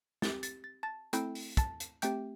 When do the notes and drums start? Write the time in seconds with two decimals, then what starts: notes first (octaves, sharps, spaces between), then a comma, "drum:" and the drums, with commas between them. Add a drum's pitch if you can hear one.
0.22 C4 G4 A6, drum: snare
0.43 A6, drum: hi-hat
0.64 A6
0.83 A5 A6
1.13 A3 C4 E4 A4 G5 G6, drum: hi-hat
1.35 drum: open hi-hat
1.57 A5 A6, drum: kick, hi-hat
1.80 drum: hi-hat
2.02 A3 C4 G4 G5 G6, drum: hi-hat